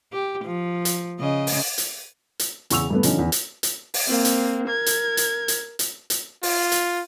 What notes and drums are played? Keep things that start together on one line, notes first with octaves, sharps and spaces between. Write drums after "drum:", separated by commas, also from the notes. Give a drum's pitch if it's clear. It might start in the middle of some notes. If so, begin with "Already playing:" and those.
G4
F3
drum: hi-hat
C#3 D#5
drum: open hi-hat
drum: hi-hat
drum: hi-hat
E2 C#3 C#6 E6 F7, drum: hi-hat
G2 A3 B3
D3 F3 C#4 D#4, drum: hi-hat
E2
drum: hi-hat
drum: hi-hat
drum: open hi-hat
A#3 C4
drum: hi-hat
A#4 G#6
drum: hi-hat
drum: hi-hat
drum: hi-hat
drum: hi-hat
drum: hi-hat
F4, drum: open hi-hat
drum: hi-hat